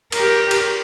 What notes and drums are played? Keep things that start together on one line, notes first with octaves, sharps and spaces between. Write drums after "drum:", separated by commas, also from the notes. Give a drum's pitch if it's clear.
G4 A#4, drum: cymbal
drum: cymbal